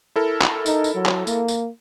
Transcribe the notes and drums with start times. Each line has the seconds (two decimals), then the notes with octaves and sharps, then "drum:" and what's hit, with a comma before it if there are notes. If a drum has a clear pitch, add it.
0.16 E4 A4 A#4
0.41 drum: clap
0.66 D#4, drum: tambourine
0.84 drum: tambourine
0.95 F#3
1.06 drum: clap
1.27 A#3, drum: tambourine
1.48 drum: tambourine